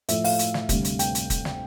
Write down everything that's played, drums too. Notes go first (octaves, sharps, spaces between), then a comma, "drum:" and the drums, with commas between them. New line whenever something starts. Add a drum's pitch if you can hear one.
A2 F3 A3 E5, drum: hi-hat
F5, drum: open hi-hat
drum: hi-hat
drum: snare
D2 C3 G3, drum: kick, hi-hat
drum: hi-hat
G5, drum: hi-hat
drum: hi-hat
drum: kick, hi-hat
drum: snare